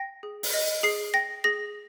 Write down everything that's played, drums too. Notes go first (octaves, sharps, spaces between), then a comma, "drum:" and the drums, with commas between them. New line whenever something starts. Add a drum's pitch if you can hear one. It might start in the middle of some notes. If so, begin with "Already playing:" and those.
Already playing: G5 A#6
G#4
drum: open hi-hat
D#5
G#4 C7
G5 A#6
G#4 A#6